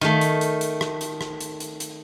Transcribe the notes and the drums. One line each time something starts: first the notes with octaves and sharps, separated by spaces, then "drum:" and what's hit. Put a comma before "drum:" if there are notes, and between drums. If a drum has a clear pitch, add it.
D#3 A3, drum: rim click
drum: hi-hat
drum: hi-hat
drum: hi-hat
drum: rim click
drum: hi-hat
drum: rim click
drum: hi-hat
drum: hi-hat
drum: hi-hat